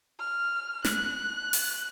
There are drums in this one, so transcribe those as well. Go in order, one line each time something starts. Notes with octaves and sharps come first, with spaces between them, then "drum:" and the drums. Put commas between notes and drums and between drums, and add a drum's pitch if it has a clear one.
F6
F#6, drum: snare
drum: open hi-hat